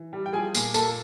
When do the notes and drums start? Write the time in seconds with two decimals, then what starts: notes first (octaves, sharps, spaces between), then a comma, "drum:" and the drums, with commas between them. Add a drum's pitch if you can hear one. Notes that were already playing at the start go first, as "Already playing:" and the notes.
Already playing: E3
0.13 G3
0.26 G5
0.33 F3 G#4 G#5
0.55 A#2, drum: tambourine
0.74 A#3 A4 A5, drum: tambourine